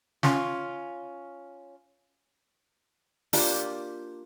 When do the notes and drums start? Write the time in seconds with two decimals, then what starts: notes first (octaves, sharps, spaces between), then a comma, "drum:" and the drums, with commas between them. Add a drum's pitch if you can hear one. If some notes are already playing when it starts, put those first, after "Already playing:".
0.23 C#4 F4, drum: snare
3.33 A#3 D4 F4 G4, drum: open hi-hat